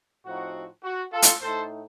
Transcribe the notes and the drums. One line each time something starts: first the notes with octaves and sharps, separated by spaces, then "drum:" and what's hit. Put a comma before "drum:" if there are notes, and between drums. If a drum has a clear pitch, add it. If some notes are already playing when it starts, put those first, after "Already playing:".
A2 F3 C4 D#4 F#4
F#4
F4 A4
drum: hi-hat
A2 A3 D#4 A4 C5